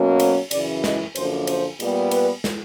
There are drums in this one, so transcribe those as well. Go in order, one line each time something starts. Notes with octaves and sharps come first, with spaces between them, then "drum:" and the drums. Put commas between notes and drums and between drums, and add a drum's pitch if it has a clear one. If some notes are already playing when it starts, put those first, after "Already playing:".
Already playing: B2 F#3 A#3 C#4
C5, drum: cymbal
F#2 C#3 E3 D5, drum: cymbal
D#5, drum: snare
F#2 D3 F3 A#3 C5, drum: cymbal
C5, drum: cymbal
A#2 G3 B3, drum: cymbal
B4, drum: cymbal
drum: snare